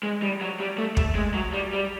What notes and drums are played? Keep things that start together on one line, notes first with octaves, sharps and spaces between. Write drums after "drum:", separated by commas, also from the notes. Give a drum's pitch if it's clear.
G#3
G3
F#3
G3
A3
A3, drum: kick
G#3
F#3
G3
G3